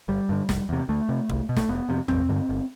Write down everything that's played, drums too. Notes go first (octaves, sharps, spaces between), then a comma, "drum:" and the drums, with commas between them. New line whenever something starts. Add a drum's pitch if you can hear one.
G1 G3
G2 D3
F1, drum: snare
E2 C3
D2 A3
C3
C2, drum: kick
B2
A3, drum: snare
F1 B3
F2 C3
A1 C4, drum: tom E2
G2 D3
G1